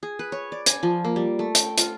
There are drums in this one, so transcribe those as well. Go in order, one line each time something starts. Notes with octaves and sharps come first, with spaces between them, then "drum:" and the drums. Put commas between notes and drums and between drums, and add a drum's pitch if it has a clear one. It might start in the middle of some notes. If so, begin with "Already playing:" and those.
G#4
B4
C#5
D5
G#5, drum: hi-hat
F3
A#3
G3
A3
G5, drum: hi-hat
F4, drum: hi-hat